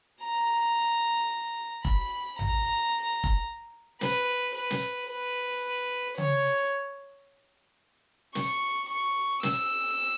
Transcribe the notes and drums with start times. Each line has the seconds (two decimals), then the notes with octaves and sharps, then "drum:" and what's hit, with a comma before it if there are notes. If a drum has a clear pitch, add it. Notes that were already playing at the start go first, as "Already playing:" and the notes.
0.23 A#5
1.85 B5, drum: kick F1
2.39 A#5, drum: tom A1
3.24 drum: kick F1
4.01 B4, drum: snare
4.55 B4
4.71 drum: snare
5.10 B4
6.18 C#5, drum: tom C#3
8.35 C#6, drum: snare
8.89 C#6
9.43 E6, drum: snare